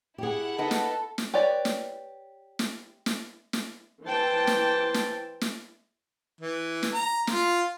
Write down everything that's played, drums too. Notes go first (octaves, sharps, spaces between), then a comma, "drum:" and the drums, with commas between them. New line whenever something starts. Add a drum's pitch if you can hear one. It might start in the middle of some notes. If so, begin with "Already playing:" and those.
E4 G4 G#4 F#5
B3 D#4 A4
drum: snare
drum: snare
G4 B4 C#5 D5
drum: snare
drum: snare
drum: snare
drum: snare
E3 C5 G5 A5
drum: snare
drum: snare
drum: snare
E3
drum: snare
A#5
F4, drum: snare